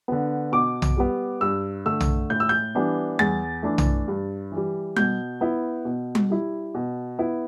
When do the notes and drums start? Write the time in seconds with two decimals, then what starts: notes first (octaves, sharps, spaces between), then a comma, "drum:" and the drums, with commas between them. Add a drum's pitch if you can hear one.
0.08 D3 B3
0.52 B2 D6
0.82 drum: tom B1
0.97 G3 B3
1.41 G2 E6
1.86 D3 A3 E6
2.00 drum: tom B1
2.30 A2 G6
2.40 E6
2.49 G6
2.75 E3 G3 B3 D4
3.19 E2 A6, drum: tom G3
3.63 E3 A3 D4
3.78 drum: tom B1
4.08 G2
4.52 E3 G3
4.96 B2 G6, drum: tom G3
5.41 B3 E4
5.85 B2
6.15 drum: tom G3
6.30 G3 E4
6.74 B2
7.19 B3 E4